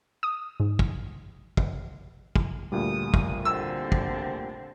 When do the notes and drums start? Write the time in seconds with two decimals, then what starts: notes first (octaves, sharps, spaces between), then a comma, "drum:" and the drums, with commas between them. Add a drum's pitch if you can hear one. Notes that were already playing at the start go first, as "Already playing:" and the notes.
0.23 D#6
0.60 G#2
0.79 drum: kick
1.57 drum: kick
2.36 drum: kick
2.72 D2 A#2 G3 D#6
3.14 drum: kick
3.45 D3 C4 E6
3.92 drum: kick